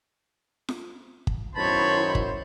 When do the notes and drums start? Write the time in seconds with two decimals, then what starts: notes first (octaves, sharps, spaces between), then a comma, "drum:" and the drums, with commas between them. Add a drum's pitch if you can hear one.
0.69 drum: snare F4
1.27 drum: kick
1.56 F#2 B2 D#3 E4 C5 C#5 A5 B5
2.15 drum: kick